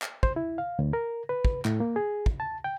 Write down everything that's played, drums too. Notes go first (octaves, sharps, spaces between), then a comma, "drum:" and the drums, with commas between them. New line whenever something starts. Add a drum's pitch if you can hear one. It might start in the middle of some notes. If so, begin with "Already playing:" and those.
drum: clap
C5, drum: kick
E4
F5
D2
A#4
B4
drum: kick
A2, drum: clap
A#3
G#4
drum: kick
A5
G5